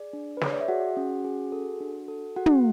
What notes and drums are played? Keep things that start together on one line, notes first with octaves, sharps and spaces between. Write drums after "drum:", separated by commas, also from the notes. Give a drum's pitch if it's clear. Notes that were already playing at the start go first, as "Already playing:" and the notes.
Already playing: G#4 D5
D4
B4
G#4 C#5, drum: snare
D5
E5
F#4 G#4 F#5
C#4
G#4
A4
D4
A4
F#4 G#4 F#5
drum: tom